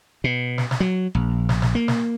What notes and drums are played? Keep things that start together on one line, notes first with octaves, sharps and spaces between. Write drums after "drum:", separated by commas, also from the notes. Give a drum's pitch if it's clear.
B2
drum: snare
drum: snare
F#3
A#1
drum: snare
drum: snare
A#3
drum: snare